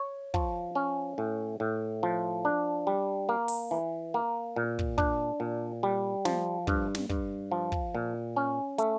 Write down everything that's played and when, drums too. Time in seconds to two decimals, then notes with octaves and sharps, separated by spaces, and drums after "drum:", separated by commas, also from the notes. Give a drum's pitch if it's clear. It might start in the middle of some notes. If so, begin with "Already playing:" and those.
Already playing: C#5
0.34 F3, drum: kick
0.75 C#4
1.18 A2
1.60 A2
2.03 F3
2.45 D4
2.87 G3
3.29 A#3
3.48 drum: open hi-hat
3.71 E3
4.14 A#3
4.56 A#2
4.79 drum: kick
4.98 D4, drum: kick
5.40 A#2
5.83 G3
6.25 F3, drum: snare
6.67 G2, drum: kick
6.95 drum: snare
7.09 G2, drum: kick
7.51 F3
7.72 drum: kick
7.95 A#2
8.36 C#4
8.78 A3, drum: hi-hat